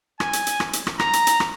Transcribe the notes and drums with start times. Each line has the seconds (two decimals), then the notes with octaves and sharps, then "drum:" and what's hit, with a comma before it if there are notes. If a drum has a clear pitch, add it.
0.20 G#5, drum: rim click
0.33 drum: hi-hat
0.47 drum: hi-hat
0.60 drum: rim click
0.73 drum: hi-hat
0.87 drum: rim click
0.99 A#5, drum: rim click
1.13 drum: hi-hat
1.27 drum: hi-hat
1.40 drum: rim click